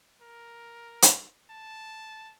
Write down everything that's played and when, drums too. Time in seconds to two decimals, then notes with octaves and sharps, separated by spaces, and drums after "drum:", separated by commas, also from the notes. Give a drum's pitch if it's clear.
0.22 A#4
1.02 drum: hi-hat
1.50 A5